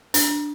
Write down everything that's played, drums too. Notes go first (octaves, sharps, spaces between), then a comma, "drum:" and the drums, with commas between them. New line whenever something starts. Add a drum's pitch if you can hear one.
D4, drum: hi-hat